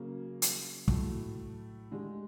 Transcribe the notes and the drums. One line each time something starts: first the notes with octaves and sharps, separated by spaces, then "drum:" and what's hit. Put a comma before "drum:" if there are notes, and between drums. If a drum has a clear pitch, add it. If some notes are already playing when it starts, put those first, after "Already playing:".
Already playing: C#3 F#3 A#3
drum: hi-hat
A2 F#3 A3, drum: kick
D3 G3 G#3